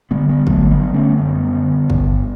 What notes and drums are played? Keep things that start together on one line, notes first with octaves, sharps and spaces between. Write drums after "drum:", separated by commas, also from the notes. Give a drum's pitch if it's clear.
D3 G3 B3
G3 B3
D3 F#3 A3, drum: kick
G3 B3
D3
A3 C#4
F#2 G3 B3
D3
G2, drum: kick